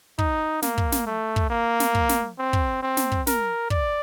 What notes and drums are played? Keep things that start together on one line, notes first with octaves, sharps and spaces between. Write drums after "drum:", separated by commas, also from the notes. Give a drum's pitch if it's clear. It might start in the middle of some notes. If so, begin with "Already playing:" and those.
D#4, drum: kick
A#3, drum: snare
drum: kick
drum: snare
A3
drum: kick
A#3
drum: snare
drum: kick
drum: snare
C4
drum: kick
C4
drum: snare
drum: kick
A#4, drum: snare
D5, drum: kick